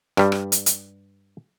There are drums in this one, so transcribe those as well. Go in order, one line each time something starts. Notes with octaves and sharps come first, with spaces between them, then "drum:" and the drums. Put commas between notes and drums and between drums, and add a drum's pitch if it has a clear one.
G2 G3, drum: rim click
drum: rim click
drum: hi-hat
drum: hi-hat